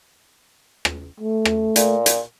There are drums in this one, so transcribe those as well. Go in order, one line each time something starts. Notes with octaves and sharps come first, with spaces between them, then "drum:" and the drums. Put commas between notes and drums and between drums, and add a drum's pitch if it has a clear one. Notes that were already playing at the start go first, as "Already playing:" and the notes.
drum: rim click
A3
drum: rim click
A#2, drum: hi-hat
drum: hi-hat